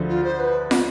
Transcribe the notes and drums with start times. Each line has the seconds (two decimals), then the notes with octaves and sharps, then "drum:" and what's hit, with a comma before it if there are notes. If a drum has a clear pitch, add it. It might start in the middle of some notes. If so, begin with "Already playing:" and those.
Already playing: D2 D3 F3
0.09 F4
0.24 C5
0.39 B4
0.71 drum: snare